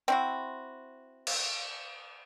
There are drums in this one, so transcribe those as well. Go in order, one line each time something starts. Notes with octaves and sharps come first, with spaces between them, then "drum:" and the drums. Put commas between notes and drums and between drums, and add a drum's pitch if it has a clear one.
C4 E4 F#4
drum: cymbal